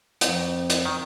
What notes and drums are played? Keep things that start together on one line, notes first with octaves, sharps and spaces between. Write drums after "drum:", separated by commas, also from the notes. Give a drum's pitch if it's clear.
F2 C4, drum: hi-hat
drum: hi-hat
D#3